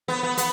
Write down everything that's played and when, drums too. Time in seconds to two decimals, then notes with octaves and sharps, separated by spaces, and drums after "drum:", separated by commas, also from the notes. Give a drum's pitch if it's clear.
0.08 B3
0.23 B3
0.38 B3, drum: hi-hat